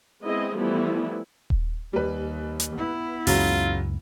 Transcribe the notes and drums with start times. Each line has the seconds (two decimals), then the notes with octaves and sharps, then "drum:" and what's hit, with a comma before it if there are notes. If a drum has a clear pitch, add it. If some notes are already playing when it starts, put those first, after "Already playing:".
0.22 G#3 B3 C4 E4 G#4 D#5
0.57 E3 F3 G3 A3 B3 E4
1.50 drum: kick D#1
1.93 D#2 G3 B4
2.60 drum: hi-hat
2.76 B3 E4
3.27 C#2 F#2 C#3 F#3 G#3 F4, drum: open hi-hat